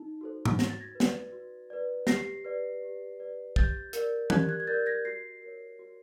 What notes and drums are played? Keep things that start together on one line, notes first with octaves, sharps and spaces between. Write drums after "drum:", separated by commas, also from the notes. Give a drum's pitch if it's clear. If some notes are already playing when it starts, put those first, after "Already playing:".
Already playing: D#4
F#4 A4 C5
drum: tom G#2
F#4 A#6, drum: snare
A6
G#6 A#6
B4
D5, drum: snare
F#4
B4 D5
G4 A#6 C7, drum: snare
B4 D5
G4
B4 D5
G4 G6 A6, drum: kick
A#4 D5, drum: hi-hat
G4 F#6 G#6, drum: tom
F#6 G#6
G#6
A#4 D5 G6 A6
G#6 A#6
F#4 A#6 C7
A#4 C#5
F#4